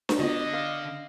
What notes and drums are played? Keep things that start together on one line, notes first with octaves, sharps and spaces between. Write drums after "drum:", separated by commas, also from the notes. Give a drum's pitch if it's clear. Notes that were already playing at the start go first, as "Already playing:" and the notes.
drum: snare D4
D3 B3 F4 F#4 D#5
F5